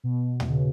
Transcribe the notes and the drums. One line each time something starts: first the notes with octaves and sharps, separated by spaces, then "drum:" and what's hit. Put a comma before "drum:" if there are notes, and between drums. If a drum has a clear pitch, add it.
B2
B2, drum: tom
C#3